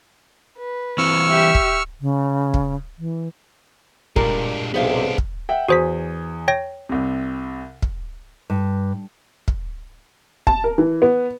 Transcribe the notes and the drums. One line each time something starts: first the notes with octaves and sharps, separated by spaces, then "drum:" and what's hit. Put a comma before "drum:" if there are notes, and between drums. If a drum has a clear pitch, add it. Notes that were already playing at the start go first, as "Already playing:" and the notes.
B4
E3 C4 C#6 E6 F6
G4 E5
drum: kick
C#3
drum: kick
E3
G2 A#2 G3 G#3 D4 A#4, drum: kick
B1 C3 B3 D4 G#4 C5 F5
drum: kick
E5 F#5 G5
E2 F#4 G#4 C5 D#6 B6
C#5 G5 A#6
C2 C3
drum: kick
G2
drum: kick
A5, drum: kick
A#4
E3
B3